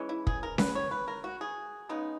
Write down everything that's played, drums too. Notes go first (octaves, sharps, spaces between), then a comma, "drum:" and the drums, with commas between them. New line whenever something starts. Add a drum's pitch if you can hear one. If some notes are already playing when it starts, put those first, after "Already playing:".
Already playing: E3 G#3 C#4
E4
G#4, drum: kick
A#4
B4, drum: snare C#4
C#5
B4
A#4
F#4
G#4
C#3 G#3 B3 D#4